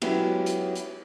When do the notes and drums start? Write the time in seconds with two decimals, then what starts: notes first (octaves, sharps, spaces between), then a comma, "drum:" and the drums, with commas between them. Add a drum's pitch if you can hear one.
0.02 F#3 G#3 B3 C#4 E4 G4, drum: cymbal
0.46 drum: hi-hat
0.75 drum: hi-hat